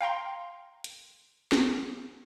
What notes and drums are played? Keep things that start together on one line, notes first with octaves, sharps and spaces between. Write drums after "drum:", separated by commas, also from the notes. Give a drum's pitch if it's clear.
F5 G5 A#5 C6
drum: hi-hat
drum: snare